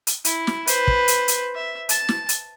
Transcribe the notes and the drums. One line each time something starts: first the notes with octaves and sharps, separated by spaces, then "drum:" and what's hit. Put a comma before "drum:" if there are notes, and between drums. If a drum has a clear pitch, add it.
drum: hi-hat
E4, drum: hi-hat
drum: snare
B4 C5, drum: hi-hat
drum: kick
drum: hi-hat
drum: hi-hat
E5
A5, drum: hi-hat
drum: snare
drum: hi-hat